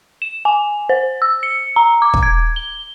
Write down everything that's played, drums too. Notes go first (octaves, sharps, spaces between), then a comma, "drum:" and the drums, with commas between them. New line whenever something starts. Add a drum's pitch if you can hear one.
E7
G#5
C5
E6
C#7
A#5
D6
drum: kick
G#6
G7